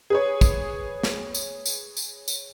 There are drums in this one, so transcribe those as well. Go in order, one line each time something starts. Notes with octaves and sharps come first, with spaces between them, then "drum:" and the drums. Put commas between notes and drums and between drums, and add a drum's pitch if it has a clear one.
G#4 B4 C#5
drum: kick, tambourine
drum: snare
drum: tambourine
drum: tambourine
drum: tambourine
drum: tambourine